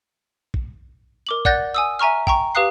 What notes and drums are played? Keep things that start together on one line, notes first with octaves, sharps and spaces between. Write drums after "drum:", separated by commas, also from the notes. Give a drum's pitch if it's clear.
drum: kick
A#4 D6 F#7
D5 F#5 F#6 G6 A6 A#6, drum: kick
G#5 D#6 E6
E5 G#5 A#5 C#6 F6
G5 A#5 C#6, drum: kick
G4 B4 F5 D#6 F#6 C7